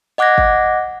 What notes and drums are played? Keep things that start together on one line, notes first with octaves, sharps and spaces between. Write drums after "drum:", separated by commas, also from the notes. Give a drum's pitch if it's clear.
D#5 F#5 D6 F#6 G#6 A#6
drum: kick